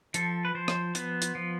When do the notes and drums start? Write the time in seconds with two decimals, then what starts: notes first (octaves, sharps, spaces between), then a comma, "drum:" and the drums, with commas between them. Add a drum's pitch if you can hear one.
0.14 F3 A4, drum: hi-hat
0.45 B4
0.55 F3 C5
0.68 drum: rim click
0.95 B3, drum: hi-hat
1.22 drum: hi-hat
1.35 F3